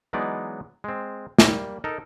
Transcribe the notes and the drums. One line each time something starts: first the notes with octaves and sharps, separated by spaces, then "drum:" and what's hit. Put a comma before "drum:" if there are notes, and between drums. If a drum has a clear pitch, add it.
E3 F#3 G#3 B3 D#4 D5
G#3 C4
G3 A#3, drum: snare
D#4 A4 A#4